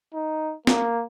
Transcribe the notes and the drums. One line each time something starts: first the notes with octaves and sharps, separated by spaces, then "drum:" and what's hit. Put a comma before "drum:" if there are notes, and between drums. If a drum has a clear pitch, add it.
D#4
A#3, drum: snare